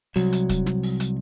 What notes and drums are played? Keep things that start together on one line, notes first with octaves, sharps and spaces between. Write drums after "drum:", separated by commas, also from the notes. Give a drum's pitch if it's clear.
C2 F#3, drum: open hi-hat
drum: hi-hat
drum: kick, hi-hat
drum: snare
drum: open hi-hat
drum: hi-hat